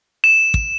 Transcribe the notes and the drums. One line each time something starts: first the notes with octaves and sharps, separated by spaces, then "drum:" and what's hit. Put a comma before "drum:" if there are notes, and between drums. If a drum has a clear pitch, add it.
E7
drum: kick